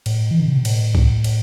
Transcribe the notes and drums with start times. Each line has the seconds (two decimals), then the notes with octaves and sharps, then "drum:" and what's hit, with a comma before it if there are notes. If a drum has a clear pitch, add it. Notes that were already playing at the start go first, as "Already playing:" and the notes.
0.06 A2, drum: cymbal
0.31 E3
0.40 D3
0.48 C#3
0.56 B2
0.65 A2, drum: cymbal
0.95 drum: kick
1.24 drum: cymbal